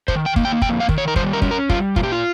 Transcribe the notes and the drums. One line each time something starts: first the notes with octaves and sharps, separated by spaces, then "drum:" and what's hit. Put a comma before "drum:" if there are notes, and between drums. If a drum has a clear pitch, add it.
D#3 C5, drum: kick
G5
A#3, drum: kick
G5
F2 G5, drum: kick
F5
D#3, drum: kick
C#5
A#4
G3 C5, drum: kick
A#4
C#4, drum: kick
A#4
G3 F4, drum: kick
A#2 F4, drum: kick
G4
F4